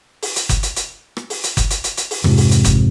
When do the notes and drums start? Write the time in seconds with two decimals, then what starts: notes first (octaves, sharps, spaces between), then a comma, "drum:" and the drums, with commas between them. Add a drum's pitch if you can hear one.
0.22 drum: open hi-hat
0.36 drum: hi-hat
0.49 drum: kick F#1, hi-hat
0.63 drum: hi-hat
0.76 drum: hi-hat
1.17 drum: rim click
1.30 drum: open hi-hat
1.43 drum: hi-hat
1.57 drum: kick F#1, hi-hat
1.70 drum: hi-hat
1.84 drum: hi-hat
1.97 drum: hi-hat
2.11 drum: open hi-hat
2.24 F2 G#2 C3 F3, drum: rim click
2.38 drum: open hi-hat
2.51 drum: hi-hat
2.65 drum: kick F#1, hi-hat